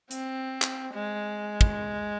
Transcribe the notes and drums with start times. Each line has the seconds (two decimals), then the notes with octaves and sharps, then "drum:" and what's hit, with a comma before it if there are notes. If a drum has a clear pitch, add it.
0.11 C4, drum: hi-hat
0.62 drum: clap
0.94 G#3
1.61 drum: kick